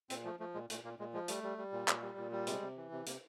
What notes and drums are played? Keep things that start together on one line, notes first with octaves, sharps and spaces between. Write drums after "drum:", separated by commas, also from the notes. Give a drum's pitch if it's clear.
A#2 C4, drum: hi-hat
F3 A3
F3 A3
A#2 G#3
A#2 A3, drum: hi-hat
A#2 A#3
A#2 G#3
F3 G#3
G3 A3, drum: hi-hat
G3
G3
A#2
A#2, drum: clap
G3
A#2
G3
C3 G#3, drum: hi-hat
C3
E3
C3
C3 A#3, drum: hi-hat